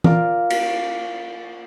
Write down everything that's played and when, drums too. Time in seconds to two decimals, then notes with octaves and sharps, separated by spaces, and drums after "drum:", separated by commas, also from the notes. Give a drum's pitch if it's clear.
0.04 F4 A#4 D5 F5, drum: tom
0.50 drum: cymbal